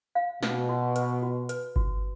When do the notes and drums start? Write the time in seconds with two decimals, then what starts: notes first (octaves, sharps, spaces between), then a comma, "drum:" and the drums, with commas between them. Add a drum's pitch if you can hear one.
0.15 F5
0.43 B2 B4, drum: snare
0.69 F#4
0.96 B4, drum: hi-hat
1.22 F#4
1.49 B4, drum: hi-hat
1.76 F#4, drum: kick G1